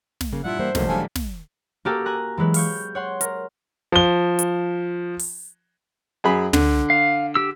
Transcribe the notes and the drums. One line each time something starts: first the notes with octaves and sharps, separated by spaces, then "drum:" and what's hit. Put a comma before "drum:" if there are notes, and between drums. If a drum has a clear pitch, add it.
drum: snare
C#3 A#3
G2 A#2 E4 F4 F#5
E3 G3 A#3 C5
B1 E2 C3 A3 A#3, drum: snare
G3 A3 D4 A4 F5 G#5
drum: snare
A#3 F#4 G4 A4 A#4
G#5 A#5 F#6
E3 F#3 G#3 B4
F5 C#6 G6, drum: open hi-hat
C#5 F#5 C6
A#4, drum: hi-hat
F3 G7
drum: hi-hat
drum: open hi-hat
F#2 G#4 B5
D3, drum: tom
F5
G4 E6